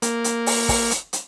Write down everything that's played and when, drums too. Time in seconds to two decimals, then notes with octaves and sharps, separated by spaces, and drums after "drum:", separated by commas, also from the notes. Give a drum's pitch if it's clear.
0.02 A#3, drum: hi-hat
0.24 drum: hi-hat
0.46 drum: open hi-hat
0.69 drum: kick, open hi-hat
0.91 drum: hi-hat
1.13 drum: hi-hat